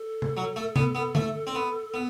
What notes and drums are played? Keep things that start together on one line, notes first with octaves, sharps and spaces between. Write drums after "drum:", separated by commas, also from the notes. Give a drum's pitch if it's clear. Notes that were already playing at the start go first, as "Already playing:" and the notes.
Already playing: A4
drum: tom C3
F#3
A3
B3, drum: tom C3
B3
A3, drum: tom D3
C4
B3
B3